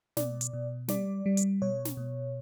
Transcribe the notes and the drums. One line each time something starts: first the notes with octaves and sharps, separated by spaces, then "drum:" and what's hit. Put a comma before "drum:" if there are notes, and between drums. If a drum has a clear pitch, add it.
B2 D5, drum: snare
drum: hi-hat
B2
G3 D5, drum: snare
G3
drum: hi-hat
B2 C#5
drum: snare
B2